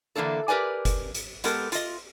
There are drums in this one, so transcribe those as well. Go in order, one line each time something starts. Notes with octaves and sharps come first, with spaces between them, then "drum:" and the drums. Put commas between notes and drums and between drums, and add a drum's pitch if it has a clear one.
D3 E3 A#3 D4 A4
G4 A#4 B4 D5 G#5
drum: kick F#1, hi-hat
drum: hi-hat
G#3 B3 G4 A4 A#4, drum: hi-hat
F4 D#5, drum: hi-hat